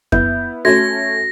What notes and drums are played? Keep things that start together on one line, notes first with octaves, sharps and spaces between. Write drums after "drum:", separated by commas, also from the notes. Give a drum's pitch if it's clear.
B3 E4 G6, drum: kick F2
A3 C#4 F#4 G#6 A#6